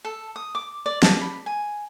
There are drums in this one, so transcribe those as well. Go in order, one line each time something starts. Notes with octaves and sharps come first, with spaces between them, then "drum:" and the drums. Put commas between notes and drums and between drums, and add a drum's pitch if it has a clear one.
A4
D#6
D6
D5
A5, drum: snare
B5
G#5